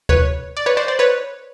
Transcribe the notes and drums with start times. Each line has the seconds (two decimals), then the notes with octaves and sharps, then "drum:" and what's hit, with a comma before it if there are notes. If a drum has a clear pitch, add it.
0.09 B4 C#5, drum: kick
0.57 D5
0.66 B4 C#5
0.77 C5 D5
0.88 C5 D5
0.99 B4 C#5